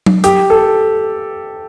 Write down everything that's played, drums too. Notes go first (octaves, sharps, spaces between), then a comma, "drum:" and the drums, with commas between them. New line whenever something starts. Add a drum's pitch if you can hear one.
drum: tom F#3
G4, drum: hi-hat
A4